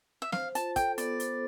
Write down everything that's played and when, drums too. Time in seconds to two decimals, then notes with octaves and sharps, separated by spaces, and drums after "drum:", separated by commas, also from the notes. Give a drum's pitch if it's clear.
0.22 E5
0.32 C5 F5, drum: snare
0.55 F4 A5, drum: hi-hat
0.76 A4 G5, drum: kick, hi-hat
0.98 B3 D5, drum: hi-hat
1.20 C5, drum: hi-hat